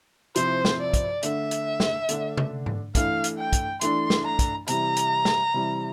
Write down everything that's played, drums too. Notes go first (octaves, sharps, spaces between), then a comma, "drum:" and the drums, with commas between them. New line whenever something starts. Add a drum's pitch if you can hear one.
C3 F3 C4 E4 C5, drum: hi-hat
drum: snare
D5
drum: kick, hi-hat
D3 A3 D4 E5, drum: hi-hat
drum: hi-hat
drum: snare
D3 A3 D4, drum: hi-hat
drum: tom C3
drum: tom G#2
E3 A3 D4 F5, drum: kick, hi-hat
drum: hi-hat
G5
drum: kick, hi-hat
E3 A3 D4 C6, drum: hi-hat
drum: snare
A#5
drum: kick, hi-hat
C3 E3 G3 A#5, drum: hi-hat
drum: hi-hat
drum: snare
C3 E3 G3